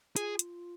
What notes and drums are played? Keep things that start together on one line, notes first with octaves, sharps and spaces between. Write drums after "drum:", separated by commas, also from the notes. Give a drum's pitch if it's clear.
F4 G#4, drum: hi-hat
drum: hi-hat